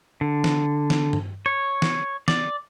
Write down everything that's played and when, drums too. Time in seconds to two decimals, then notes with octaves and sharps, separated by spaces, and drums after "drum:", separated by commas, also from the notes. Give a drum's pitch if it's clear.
0.21 D3
0.44 drum: snare
0.90 drum: snare
1.13 drum: tom G2
1.46 C#5
1.82 drum: snare
2.28 D5, drum: snare